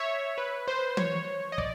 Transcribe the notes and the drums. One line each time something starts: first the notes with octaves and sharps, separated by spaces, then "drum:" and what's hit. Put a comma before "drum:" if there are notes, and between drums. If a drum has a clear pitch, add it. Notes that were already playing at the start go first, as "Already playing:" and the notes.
Already playing: C#5 E5
B4
C5
C#5, drum: tom E3
D#5
D5, drum: kick